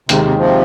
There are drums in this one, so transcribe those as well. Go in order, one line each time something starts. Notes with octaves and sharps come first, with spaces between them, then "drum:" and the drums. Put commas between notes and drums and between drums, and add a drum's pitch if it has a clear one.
D#2 C3 D#3 G#3, drum: hi-hat
C3
C3 F3